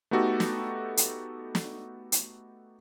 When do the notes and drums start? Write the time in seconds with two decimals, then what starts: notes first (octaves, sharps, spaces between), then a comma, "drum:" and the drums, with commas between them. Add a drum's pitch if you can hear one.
0.11 A3 B3 D#4 F#4 G4 A4
0.40 drum: snare
0.97 drum: hi-hat
1.55 drum: snare
2.12 drum: hi-hat